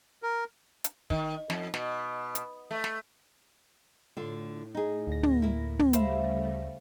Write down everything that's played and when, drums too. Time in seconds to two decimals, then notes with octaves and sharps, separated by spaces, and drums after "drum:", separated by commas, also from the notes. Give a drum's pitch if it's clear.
0.23 A#4
0.84 drum: hi-hat
1.10 D#3, drum: kick
1.50 F2, drum: snare
1.74 B2, drum: snare
2.35 drum: hi-hat
2.71 A3
2.84 drum: snare
4.17 A2 D3 F4
4.75 D#4 G#4
5.07 D2 A#6
5.23 drum: tom
5.42 A#3 E4
5.79 drum: tom
5.93 C#3 G3 A3 C5 E5 F5 B5, drum: hi-hat